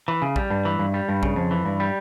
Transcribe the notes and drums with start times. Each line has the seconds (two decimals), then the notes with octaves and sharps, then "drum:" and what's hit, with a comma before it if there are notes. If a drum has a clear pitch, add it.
0.08 E3
0.22 C#3
0.36 G3, drum: kick A#1
0.50 G2
0.65 E3
0.79 G2
0.94 G3
1.09 G2
1.23 C#3, drum: kick A#1
1.36 F2
1.51 E3
1.66 G2
1.80 G3